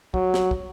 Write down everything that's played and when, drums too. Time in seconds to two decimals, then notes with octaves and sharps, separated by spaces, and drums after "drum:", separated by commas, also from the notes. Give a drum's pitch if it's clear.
0.14 F#3, drum: kick
0.34 drum: snare
0.51 drum: kick